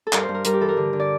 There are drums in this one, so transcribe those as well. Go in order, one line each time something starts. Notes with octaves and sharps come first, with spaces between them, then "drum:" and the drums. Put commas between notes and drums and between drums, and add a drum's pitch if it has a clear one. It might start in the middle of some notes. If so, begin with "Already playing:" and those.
A4
G2 A#4, drum: clap
C5
G2
A#4
G3 A#4, drum: hi-hat
G4
E3 A4
A#4
D3
D3
D5